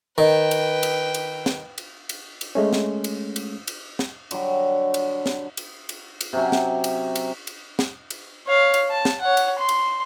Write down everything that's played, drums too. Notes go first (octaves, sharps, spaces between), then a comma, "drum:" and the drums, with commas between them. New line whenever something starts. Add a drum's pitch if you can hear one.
D#3 B4 G5
drum: cymbal
drum: cymbal
drum: cymbal
drum: snare
drum: cymbal
drum: cymbal
drum: cymbal
G#3 A3 C#4
drum: snare
drum: cymbal
drum: cymbal
drum: cymbal
drum: snare
D3 F#3 G3 D5, drum: cymbal
drum: cymbal
drum: snare
drum: cymbal
drum: cymbal
drum: cymbal
C3 F#3 C#4
drum: snare
drum: cymbal
drum: cymbal
drum: cymbal
drum: snare
drum: cymbal
C#5 F5
drum: cymbal
A5
drum: snare
C#5 F#5
drum: cymbal
C6
drum: cymbal